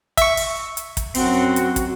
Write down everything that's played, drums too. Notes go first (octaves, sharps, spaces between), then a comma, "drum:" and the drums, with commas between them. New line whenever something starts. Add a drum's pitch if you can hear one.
E5 C#6, drum: kick, hi-hat
drum: open hi-hat
drum: hi-hat
drum: kick, hi-hat
F#2 C4 F#4, drum: open hi-hat
drum: hi-hat
drum: kick, hi-hat